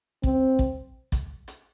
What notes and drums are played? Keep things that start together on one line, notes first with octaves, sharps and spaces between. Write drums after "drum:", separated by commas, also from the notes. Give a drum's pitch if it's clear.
C4, drum: kick
drum: kick
drum: kick, hi-hat
drum: hi-hat